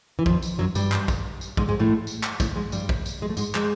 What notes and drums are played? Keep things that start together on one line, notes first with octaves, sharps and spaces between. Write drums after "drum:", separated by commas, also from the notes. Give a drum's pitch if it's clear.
E3
F2 F3, drum: kick
drum: tambourine
F#2 F#3
G2 G3, drum: tambourine
drum: clap
drum: kick, tambourine
drum: tambourine
G#2 G#3, drum: kick
G#2 G#3
A2 A3
drum: tambourine
drum: clap
A2 A3, drum: kick, tambourine
G#2 G#3
G2 G3, drum: tambourine
drum: kick
drum: tambourine
G#3
A3
G#2 G#3, drum: tambourine
G#3, drum: clap